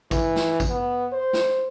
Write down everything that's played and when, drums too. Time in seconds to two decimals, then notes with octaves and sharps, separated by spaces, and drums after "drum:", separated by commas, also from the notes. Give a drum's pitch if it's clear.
0.11 E3, drum: kick G#1, tambourine
0.36 drum: snare
0.60 drum: kick G#1, tambourine
0.69 B3
1.13 C5
1.33 drum: snare